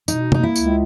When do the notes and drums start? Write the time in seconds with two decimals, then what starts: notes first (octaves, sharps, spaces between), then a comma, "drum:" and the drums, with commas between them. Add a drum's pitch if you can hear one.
0.08 B2 D#4, drum: tambourine
0.32 A#3 D#4, drum: tom
0.43 E4
0.56 C#2, drum: tambourine